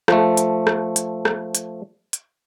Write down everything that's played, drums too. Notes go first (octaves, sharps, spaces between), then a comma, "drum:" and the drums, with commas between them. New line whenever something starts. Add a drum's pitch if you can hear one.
F3 A3, drum: rim click
drum: hi-hat
drum: rim click
drum: hi-hat
drum: rim click
drum: hi-hat
drum: hi-hat